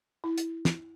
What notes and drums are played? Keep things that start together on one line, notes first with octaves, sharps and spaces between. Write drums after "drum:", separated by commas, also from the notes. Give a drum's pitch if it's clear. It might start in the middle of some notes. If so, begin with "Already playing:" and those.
E4
drum: hi-hat
drum: snare